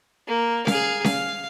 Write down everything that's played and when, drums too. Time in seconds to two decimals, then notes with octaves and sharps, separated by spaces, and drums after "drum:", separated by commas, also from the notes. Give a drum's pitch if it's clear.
0.27 A#3
0.67 G#4 F5, drum: snare C#4
1.04 F5, drum: snare C#4